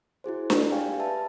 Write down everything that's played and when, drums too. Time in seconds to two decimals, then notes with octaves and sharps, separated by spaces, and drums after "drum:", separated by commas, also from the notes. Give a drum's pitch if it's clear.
0.24 E4 F#4 G#4 C5
0.50 drum: snare D4
0.72 G4 F5 G5 G#5
0.99 B4 D5 E5 A5